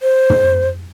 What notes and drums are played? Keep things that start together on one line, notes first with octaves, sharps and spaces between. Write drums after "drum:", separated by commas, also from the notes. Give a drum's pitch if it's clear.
C5
drum: tom